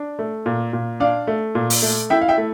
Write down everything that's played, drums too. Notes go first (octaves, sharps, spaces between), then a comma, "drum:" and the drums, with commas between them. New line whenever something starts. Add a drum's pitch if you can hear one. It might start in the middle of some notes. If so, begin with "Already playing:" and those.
Already playing: D4
A3
A#2
A#2
D4 D5 F5
A3
A#2
drum: open hi-hat
A3
E4 E5 G5
F5
E5 G5
A3